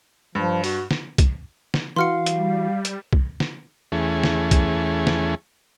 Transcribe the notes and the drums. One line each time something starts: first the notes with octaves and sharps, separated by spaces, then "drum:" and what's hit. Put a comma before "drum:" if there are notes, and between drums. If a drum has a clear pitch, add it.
G2 F3
F#4, drum: open hi-hat
drum: snare
drum: kick, hi-hat
drum: snare
E3 F#4 F5 C6 F6 C#7
G3, drum: hi-hat
drum: hi-hat
drum: kick
drum: snare
E2 E3 A3 C#4 G#4
drum: snare
drum: kick, hi-hat
drum: snare